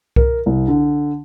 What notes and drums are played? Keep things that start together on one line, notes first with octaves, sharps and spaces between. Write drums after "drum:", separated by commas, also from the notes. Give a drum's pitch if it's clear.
A#4, drum: kick C2
C2
D3